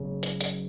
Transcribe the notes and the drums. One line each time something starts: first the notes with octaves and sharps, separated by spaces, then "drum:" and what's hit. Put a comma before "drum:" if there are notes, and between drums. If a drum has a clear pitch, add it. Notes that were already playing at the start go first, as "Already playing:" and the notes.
Already playing: F#1 F#2 C#3
drum: hi-hat
drum: hi-hat